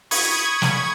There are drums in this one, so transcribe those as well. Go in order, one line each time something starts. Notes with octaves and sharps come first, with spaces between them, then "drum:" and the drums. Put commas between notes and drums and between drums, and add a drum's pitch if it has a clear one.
B5 C#6 D#6 G#6, drum: open hi-hat
drum: snare